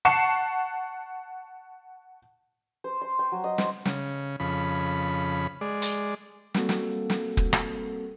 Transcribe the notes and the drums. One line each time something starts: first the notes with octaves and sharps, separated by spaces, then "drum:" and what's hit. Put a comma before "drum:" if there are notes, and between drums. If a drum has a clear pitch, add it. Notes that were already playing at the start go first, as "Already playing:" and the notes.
F#5 A5 C#6 C7 C#7 E7
C5
C6
G5
F#3
D#5
C5, drum: snare
C#3, drum: snare
F2 C#3 B5
G#3 D5
drum: hi-hat
G3 A#3 C4 F#4 A4, drum: snare
drum: snare
drum: snare
drum: kick
drum: rim click